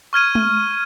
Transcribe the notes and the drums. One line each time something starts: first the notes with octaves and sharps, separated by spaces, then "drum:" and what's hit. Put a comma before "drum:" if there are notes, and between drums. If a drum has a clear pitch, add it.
C#6 F6 G#6 D#7
drum: tom G#3